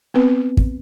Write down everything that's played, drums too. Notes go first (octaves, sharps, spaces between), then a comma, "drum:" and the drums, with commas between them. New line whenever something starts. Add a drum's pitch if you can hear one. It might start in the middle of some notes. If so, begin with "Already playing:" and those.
B3 C4 B4
drum: kick